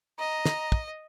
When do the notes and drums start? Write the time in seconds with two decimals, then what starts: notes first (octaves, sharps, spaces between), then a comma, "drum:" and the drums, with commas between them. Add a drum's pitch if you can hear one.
0.19 D#5 A#5
0.45 drum: snare
0.72 drum: kick